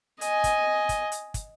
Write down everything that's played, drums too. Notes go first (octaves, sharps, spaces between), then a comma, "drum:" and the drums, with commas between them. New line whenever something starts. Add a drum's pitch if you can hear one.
D#5 G#5, drum: hi-hat
drum: kick, hi-hat
drum: kick, hi-hat
drum: hi-hat
drum: kick, hi-hat